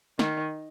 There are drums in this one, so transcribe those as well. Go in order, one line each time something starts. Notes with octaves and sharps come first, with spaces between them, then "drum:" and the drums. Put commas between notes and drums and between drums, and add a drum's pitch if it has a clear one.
D#3, drum: snare